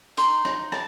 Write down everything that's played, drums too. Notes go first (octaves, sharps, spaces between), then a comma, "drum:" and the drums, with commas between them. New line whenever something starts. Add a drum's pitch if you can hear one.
D#4 A#5 C6, drum: hi-hat
D#4, drum: rim click
A5, drum: rim click